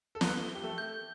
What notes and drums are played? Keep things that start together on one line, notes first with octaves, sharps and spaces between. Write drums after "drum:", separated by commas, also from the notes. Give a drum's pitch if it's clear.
A4
B3 B4 G7, drum: snare
G7
G4
A3 A4
G6